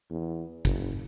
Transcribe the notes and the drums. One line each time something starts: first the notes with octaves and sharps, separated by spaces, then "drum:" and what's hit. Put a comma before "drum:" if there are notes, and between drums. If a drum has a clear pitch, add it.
E2
F#1, drum: kick, hi-hat